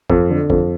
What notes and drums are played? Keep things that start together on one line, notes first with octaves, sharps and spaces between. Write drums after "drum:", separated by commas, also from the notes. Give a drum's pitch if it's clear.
F2, drum: kick
D3
F2, drum: kick